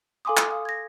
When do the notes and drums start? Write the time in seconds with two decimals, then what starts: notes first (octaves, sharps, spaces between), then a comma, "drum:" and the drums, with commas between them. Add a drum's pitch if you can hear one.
0.25 A4 F5 G#5 C6 D6 D#6
0.37 F6, drum: clap
0.51 F5 D#6
0.65 G#6 A#6